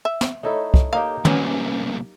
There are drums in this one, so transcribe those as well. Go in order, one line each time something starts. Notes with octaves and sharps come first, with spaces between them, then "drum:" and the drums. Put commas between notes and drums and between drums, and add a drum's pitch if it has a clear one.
E5
drum: snare
A3 D#4 E4 A4 C#5 D#5
drum: kick
A#3 D#4 G4 F5
C2 A#2 F#3 C#4 G4 B4 G#5, drum: tom